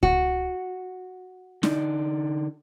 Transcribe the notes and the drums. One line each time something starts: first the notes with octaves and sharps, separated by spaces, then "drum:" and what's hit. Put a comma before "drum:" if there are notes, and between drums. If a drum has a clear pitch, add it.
F#4, drum: kick C#2
D3 D#4 D5, drum: snare